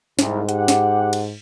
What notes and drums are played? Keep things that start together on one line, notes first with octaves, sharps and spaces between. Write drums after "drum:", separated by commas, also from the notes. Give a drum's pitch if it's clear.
C2 G#2, drum: snare
G4 F#5, drum: hi-hat
drum: snare
drum: cymbal